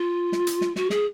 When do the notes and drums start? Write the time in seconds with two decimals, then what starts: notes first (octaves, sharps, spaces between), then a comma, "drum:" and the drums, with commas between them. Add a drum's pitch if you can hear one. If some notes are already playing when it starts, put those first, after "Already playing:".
Already playing: F4
0.32 drum: snare
0.47 drum: hi-hat
0.61 drum: snare
0.76 F#4, drum: snare
0.90 G#4, drum: snare